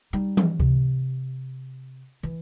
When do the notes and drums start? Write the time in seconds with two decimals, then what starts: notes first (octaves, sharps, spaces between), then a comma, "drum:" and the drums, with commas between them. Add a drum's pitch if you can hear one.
0.13 G3 D#4
0.37 drum: tom E3
0.60 C3, drum: kick C#2
2.23 E3